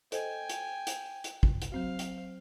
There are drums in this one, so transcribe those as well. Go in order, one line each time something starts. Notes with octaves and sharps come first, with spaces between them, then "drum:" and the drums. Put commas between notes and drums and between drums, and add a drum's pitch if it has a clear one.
A4 C5 D#5 G5 G#5, drum: hi-hat
drum: hi-hat
drum: hi-hat
drum: hi-hat
drum: kick
drum: hi-hat
F#3 C4 F#4 C5 F5
drum: hi-hat